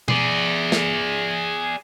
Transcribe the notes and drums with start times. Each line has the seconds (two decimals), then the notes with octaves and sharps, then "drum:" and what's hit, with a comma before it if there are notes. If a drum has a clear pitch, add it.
0.08 G#4 D5, drum: tom B2
0.72 drum: snare